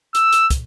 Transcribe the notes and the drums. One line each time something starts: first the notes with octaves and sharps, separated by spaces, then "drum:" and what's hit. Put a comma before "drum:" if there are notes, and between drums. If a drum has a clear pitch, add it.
E6, drum: hi-hat
drum: hi-hat
drum: kick, hi-hat